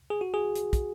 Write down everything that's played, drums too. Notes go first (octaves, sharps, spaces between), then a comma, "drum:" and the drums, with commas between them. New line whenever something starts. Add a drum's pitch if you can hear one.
G#4
F#4
G#4
drum: hi-hat
drum: kick, hi-hat